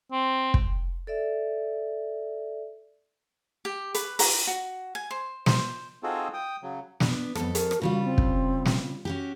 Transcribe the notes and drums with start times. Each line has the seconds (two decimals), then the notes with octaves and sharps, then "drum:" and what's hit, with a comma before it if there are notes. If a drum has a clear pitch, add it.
0.12 C4
0.54 drum: kick
1.07 A4 D5 E5
3.65 G4
3.94 B4, drum: hi-hat
4.19 A#5, drum: open hi-hat
4.47 F#4
4.95 G#5
5.11 C5
5.46 C5, drum: snare
6.03 C4 D#4 F4 F#4 G#4 A4
6.33 G5 D#6
6.63 C#3 F#3
7.00 B3 D4, drum: snare
7.35 F2 B3 A4, drum: rim click
7.55 A#4, drum: hi-hat
7.71 drum: rim click
7.82 C#3 G3 F4 F#4
8.04 C4
8.18 drum: kick
8.65 drum: snare
9.05 C#4 F#4 G4